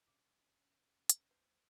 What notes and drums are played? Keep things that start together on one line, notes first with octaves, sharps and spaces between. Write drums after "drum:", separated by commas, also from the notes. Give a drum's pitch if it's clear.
D#2 B2 C#4 D4 D6
drum: hi-hat
B4 C5